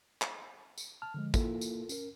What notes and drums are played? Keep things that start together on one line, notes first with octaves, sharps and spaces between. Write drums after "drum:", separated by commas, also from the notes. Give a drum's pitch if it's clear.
drum: clap
drum: tambourine
A5 F6
D3 F3 G#3
A#3 E4 F4 A4 A#4, drum: kick, tambourine
drum: tambourine
C#4 A#4, drum: tambourine